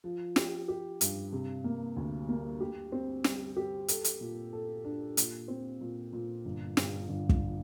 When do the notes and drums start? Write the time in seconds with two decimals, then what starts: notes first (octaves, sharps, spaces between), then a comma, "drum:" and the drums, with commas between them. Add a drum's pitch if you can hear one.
0.04 F3
0.36 G4, drum: snare
0.68 G4
1.01 G2, drum: hi-hat
1.33 C3
1.64 A#3
1.97 D2
2.29 A#3
2.60 G4
2.92 C4
3.24 G3, drum: snare
3.57 G4
3.88 A4, drum: hi-hat
4.04 drum: hi-hat
4.21 A#2
4.53 A4
4.84 D4
5.17 A#2, drum: hi-hat
5.48 C4
5.81 A#2
6.13 A#2
6.45 G1
6.77 G1, drum: snare
7.09 G1
7.29 drum: kick